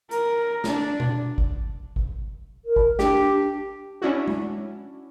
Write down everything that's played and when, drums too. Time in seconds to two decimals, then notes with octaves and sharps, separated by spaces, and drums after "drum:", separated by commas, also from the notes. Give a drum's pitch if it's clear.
0.11 A#4, drum: hi-hat
0.64 D4, drum: snare
1.00 drum: tom B2
1.38 drum: kick
1.96 drum: kick
2.65 A#4
2.76 drum: kick
2.99 D4 G4, drum: snare
4.02 C#4 D4 E4 F#4
4.28 drum: tom G#3